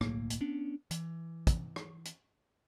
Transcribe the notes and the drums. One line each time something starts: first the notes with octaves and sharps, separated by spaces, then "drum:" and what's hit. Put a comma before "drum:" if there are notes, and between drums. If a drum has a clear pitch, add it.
D1 B1 A2 A#3, drum: rim click
drum: hi-hat
B3 C#4 D4
E3, drum: hi-hat
drum: kick, hi-hat
drum: rim click
drum: hi-hat